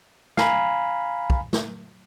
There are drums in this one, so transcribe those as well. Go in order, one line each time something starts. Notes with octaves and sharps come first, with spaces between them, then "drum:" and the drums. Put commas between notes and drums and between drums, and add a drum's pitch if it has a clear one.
F5 G#5 A#5 B5, drum: snare
drum: kick
drum: snare